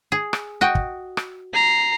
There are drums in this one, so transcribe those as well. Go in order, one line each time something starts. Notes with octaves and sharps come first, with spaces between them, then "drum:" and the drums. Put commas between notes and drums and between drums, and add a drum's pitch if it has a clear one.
G#4
drum: rim click
F#4 D#5 G5
drum: kick
drum: rim click
A#5 C7